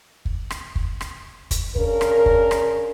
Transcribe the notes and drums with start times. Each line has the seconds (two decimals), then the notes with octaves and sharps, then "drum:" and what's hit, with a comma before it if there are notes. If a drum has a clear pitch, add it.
0.25 drum: kick
0.50 drum: rim click
0.76 drum: kick
1.01 drum: rim click
1.51 drum: kick, hi-hat
1.76 C#3 D4 A#4, drum: kick
2.01 drum: rim click
2.26 drum: kick
2.51 drum: rim click